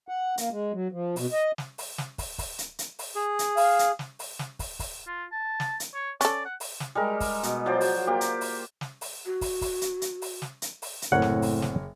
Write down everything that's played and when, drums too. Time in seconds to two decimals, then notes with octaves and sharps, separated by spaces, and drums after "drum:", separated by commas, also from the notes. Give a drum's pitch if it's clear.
0.09 F#5
0.38 A#3, drum: hi-hat
0.51 G#3
0.73 F#3
0.92 F3
1.16 B2, drum: open hi-hat
1.32 D#5
1.58 drum: snare
1.78 drum: open hi-hat
1.98 drum: snare
2.18 drum: kick, open hi-hat
2.38 drum: kick, open hi-hat
2.58 drum: hi-hat
2.79 drum: hi-hat
2.99 drum: open hi-hat
3.15 G#4
3.39 drum: hi-hat
3.57 F5, drum: open hi-hat
3.79 drum: hi-hat
3.99 drum: snare
4.19 drum: open hi-hat
4.39 drum: snare
4.59 drum: kick, open hi-hat
4.79 drum: kick, open hi-hat
5.07 F4
5.32 A5
5.60 drum: snare
5.80 drum: hi-hat
5.95 C#5
6.21 C#4 A4 D5, drum: hi-hat
6.45 F#5
6.60 drum: open hi-hat
6.80 drum: snare
6.95 G3 G#3 A#4
7.20 drum: kick, open hi-hat
7.43 B2, drum: hi-hat
7.66 F3 F#3 C5 D5
7.81 drum: open hi-hat
8.07 A#3 G4
8.21 drum: hi-hat
8.41 drum: open hi-hat
8.81 drum: snare
9.01 drum: open hi-hat
9.26 F#4
9.41 drum: kick, open hi-hat
9.61 drum: kick, open hi-hat
9.81 drum: hi-hat
10.02 drum: hi-hat
10.22 drum: open hi-hat
10.42 drum: snare
10.62 drum: hi-hat
10.82 drum: open hi-hat
11.02 drum: hi-hat
11.12 F#1 A2 C4 A#4 C#5 F#5
11.22 drum: snare
11.42 drum: open hi-hat
11.62 drum: snare